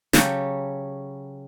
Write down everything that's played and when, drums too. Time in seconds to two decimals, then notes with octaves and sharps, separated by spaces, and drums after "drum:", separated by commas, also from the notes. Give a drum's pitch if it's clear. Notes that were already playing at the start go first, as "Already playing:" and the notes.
0.13 C#3 F#3 C#4 G4 A4 C#5, drum: snare